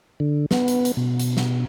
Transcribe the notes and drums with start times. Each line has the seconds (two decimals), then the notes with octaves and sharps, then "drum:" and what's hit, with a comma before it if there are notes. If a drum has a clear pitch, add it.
0.20 D3
0.51 B3, drum: snare
0.68 drum: hi-hat
0.85 drum: hi-hat
0.97 B2
1.20 drum: hi-hat
1.37 drum: snare